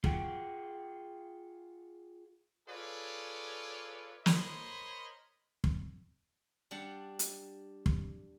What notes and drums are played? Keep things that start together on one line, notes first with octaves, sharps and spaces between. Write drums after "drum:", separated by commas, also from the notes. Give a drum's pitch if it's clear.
F4 G#4 F#5 G5, drum: kick
F4 G#4 A4 B4 C#5 D5
A#4 C5 C#5 D#5 B5 C6, drum: snare
drum: kick
G3 D4 F#5 A5
drum: hi-hat
drum: kick